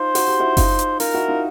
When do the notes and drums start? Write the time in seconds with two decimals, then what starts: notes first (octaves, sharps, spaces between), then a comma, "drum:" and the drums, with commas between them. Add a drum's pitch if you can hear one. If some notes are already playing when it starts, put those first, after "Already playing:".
Already playing: D#4 F4 C5
0.15 F#4, drum: open hi-hat
0.28 G4
0.40 E4 F#4
0.57 D#4 F4, drum: kick F#1, open hi-hat
0.79 drum: hi-hat
1.00 D#4 F4 A#4, drum: open hi-hat
1.14 E4 F#4
1.28 D#4 F4